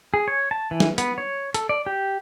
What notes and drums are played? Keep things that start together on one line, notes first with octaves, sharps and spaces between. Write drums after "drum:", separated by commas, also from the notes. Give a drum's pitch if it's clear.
G#4
C#5
A5
E3
drum: snare
B3, drum: hi-hat
C#5
A4, drum: hi-hat
D5
G4